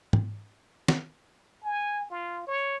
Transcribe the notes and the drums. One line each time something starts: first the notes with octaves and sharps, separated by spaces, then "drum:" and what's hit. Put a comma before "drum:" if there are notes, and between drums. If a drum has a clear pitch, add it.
drum: tom
drum: snare
G#5
F4
C#5